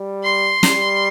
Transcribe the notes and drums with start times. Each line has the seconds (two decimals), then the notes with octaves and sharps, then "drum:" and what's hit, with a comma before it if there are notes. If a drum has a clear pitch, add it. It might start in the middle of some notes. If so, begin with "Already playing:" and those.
Already playing: G3
0.24 C6
0.63 G3, drum: snare